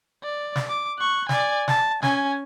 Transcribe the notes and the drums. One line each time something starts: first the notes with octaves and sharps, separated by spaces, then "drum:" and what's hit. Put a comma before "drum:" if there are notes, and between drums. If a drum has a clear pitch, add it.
D5
drum: snare
D6
C#6 F#6
D5 G#5, drum: snare
A5, drum: snare
C#4 G#5, drum: snare